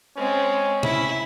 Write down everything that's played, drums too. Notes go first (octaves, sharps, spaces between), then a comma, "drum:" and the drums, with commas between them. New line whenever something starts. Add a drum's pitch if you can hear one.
G#3 C4 C#4
E4, drum: tom